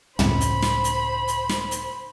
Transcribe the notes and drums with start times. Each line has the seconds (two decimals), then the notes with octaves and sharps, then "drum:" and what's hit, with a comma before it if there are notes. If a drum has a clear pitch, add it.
0.19 C#2 A2 C5 B5, drum: tom
0.41 drum: hi-hat
0.62 drum: snare
0.84 drum: hi-hat
1.28 drum: hi-hat
1.49 drum: snare
1.71 drum: hi-hat